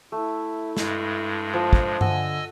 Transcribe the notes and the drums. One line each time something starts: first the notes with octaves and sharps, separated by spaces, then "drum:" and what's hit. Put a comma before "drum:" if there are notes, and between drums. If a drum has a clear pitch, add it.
A3 E4
G2 G#3, drum: snare
F3
drum: kick
D3 D#5 F#5 G#5 E6, drum: tom G2